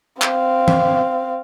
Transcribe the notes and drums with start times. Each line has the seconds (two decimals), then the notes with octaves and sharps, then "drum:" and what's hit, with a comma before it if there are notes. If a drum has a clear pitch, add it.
0.22 C4 F5, drum: clap
0.68 drum: tom E3